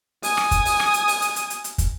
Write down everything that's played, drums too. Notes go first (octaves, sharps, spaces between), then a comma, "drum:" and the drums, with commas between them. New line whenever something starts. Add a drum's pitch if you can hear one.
G#5 D#6, drum: open hi-hat
drum: rim click
drum: kick, hi-hat
drum: open hi-hat
drum: rim click
drum: hi-hat
drum: open hi-hat
drum: hi-hat
drum: hi-hat
drum: hi-hat
drum: hi-hat
drum: kick, hi-hat